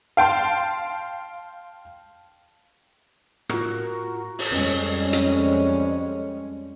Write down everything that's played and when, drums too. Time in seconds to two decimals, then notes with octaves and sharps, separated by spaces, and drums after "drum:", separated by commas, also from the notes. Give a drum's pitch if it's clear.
0.17 F5 G5 A5 C6
3.49 A2 F4 F#4 A#4, drum: rim click
4.39 drum: open hi-hat
4.51 F2 G3 G#3 C#4
5.13 drum: hi-hat